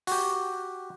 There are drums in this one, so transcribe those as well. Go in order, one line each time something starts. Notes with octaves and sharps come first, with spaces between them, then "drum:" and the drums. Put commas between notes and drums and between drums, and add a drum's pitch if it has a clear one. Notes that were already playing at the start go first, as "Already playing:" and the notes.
F#4 G4, drum: open hi-hat